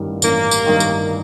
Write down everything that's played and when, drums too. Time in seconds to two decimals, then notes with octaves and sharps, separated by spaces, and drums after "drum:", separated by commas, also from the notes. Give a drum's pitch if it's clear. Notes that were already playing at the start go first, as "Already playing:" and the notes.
Already playing: A1 G2 D#3
0.22 A1 A#3, drum: tambourine
0.51 drum: tambourine
0.66 G2 D#3
0.80 drum: tambourine